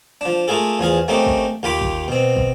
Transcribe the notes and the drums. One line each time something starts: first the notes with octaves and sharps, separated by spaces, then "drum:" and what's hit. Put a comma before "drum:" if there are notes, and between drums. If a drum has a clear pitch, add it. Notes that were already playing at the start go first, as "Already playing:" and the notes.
F3 D4
A3 A#3 F4 G#4 A4
E2 F3 G#4 F5
A3 A#3 C4 C#4 D#4 G4
drum: kick
D#2 F4 G4 B5 D6
drum: kick
B2 C4
drum: kick